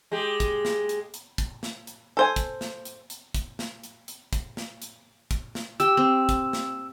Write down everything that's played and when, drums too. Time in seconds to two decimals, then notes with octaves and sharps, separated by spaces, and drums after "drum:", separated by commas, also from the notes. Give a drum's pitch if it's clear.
0.12 G#3 G4
0.40 drum: kick, hi-hat
0.65 drum: snare
0.89 drum: hi-hat
1.14 drum: hi-hat
1.38 drum: kick, hi-hat
1.63 drum: snare
1.87 drum: hi-hat
2.17 A4 C5 G#5
2.36 drum: kick, hi-hat
2.61 drum: snare
2.85 drum: hi-hat
3.10 drum: hi-hat
3.34 drum: kick, hi-hat
3.59 drum: snare
3.84 drum: hi-hat
4.08 drum: hi-hat
4.33 drum: kick, hi-hat
4.57 drum: snare
4.82 drum: hi-hat
5.31 drum: kick, hi-hat
5.55 drum: snare
5.80 G4 E6, drum: hi-hat
5.97 C4
6.29 drum: kick, hi-hat
6.53 drum: snare